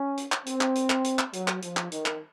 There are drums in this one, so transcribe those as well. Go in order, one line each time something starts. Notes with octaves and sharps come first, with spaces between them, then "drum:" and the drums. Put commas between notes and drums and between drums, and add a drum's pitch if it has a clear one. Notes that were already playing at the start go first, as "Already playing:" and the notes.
Already playing: C#4
drum: hi-hat
drum: clap
C4, drum: hi-hat
drum: clap
drum: hi-hat
drum: clap
drum: hi-hat
drum: clap
F#3, drum: hi-hat
drum: clap
F3, drum: hi-hat
drum: clap
D#3, drum: hi-hat
drum: clap